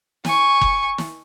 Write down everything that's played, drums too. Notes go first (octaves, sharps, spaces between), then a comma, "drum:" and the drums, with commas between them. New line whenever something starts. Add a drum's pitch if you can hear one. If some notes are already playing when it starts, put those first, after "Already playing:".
G#5 C#6, drum: snare
drum: kick F#1
drum: snare